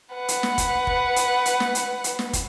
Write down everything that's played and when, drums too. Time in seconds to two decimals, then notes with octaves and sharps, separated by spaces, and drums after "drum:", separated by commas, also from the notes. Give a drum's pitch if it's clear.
0.14 B4 F#5
0.28 drum: hi-hat
0.43 drum: snare
0.58 drum: kick, hi-hat
0.87 drum: kick
1.16 drum: hi-hat
1.46 drum: hi-hat
1.60 drum: snare
1.75 drum: hi-hat
2.04 drum: hi-hat
2.19 drum: snare
2.33 drum: kick, hi-hat